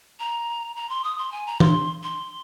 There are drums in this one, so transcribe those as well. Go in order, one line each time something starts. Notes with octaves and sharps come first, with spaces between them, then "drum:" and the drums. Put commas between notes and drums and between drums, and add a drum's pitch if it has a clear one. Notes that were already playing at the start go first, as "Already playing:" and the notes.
A#5
A#5
C6
D#6
C6
G#5
A#5
C6, drum: tom E3
C6